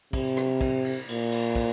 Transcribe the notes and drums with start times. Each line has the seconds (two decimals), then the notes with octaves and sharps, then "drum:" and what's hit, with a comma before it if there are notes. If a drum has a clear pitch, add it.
0.13 C3, drum: kick, cymbal
0.37 drum: rim click
0.61 drum: kick, cymbal
0.84 drum: cymbal
1.09 A#2, drum: cymbal
1.32 drum: cymbal
1.55 drum: kick, cymbal